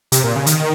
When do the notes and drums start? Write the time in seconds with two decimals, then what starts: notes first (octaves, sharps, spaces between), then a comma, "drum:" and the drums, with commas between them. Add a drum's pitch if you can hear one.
0.12 C3, drum: hi-hat
0.24 A#2
0.36 C#3
0.46 D#3, drum: hi-hat